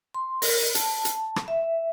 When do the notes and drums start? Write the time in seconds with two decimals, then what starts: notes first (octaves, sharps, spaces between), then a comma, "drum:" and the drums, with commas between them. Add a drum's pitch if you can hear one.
0.14 C6
0.42 A#4, drum: open hi-hat
0.75 A5, drum: hi-hat
1.05 drum: hi-hat
1.36 drum: rim click
1.48 E5